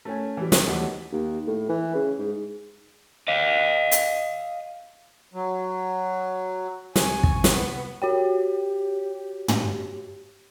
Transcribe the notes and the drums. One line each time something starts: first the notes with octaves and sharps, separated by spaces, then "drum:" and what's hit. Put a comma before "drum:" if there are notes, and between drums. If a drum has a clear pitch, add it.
A3 C#4 G#5
E3 G3
D3 C5, drum: snare
D#2 E3 F#3 G3 A3 B3
D#2
A2
E3
C#3
G#2
D#5 F5
drum: hi-hat
F#3
C2 G#5 C#6, drum: snare
drum: kick
B3, drum: snare
F#4 G4 C#5 G5
drum: tom